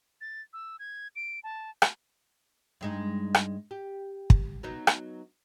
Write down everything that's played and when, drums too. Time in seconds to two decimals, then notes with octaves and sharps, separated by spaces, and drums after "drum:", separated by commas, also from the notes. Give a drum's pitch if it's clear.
0.21 A6
0.53 E6
0.79 G#6
1.16 D7
1.44 A5
1.82 drum: rim click
2.81 G2 G#3 D#4
3.34 drum: rim click
3.71 G4
4.30 drum: kick
4.63 F#3 B3 D#4
4.87 drum: rim click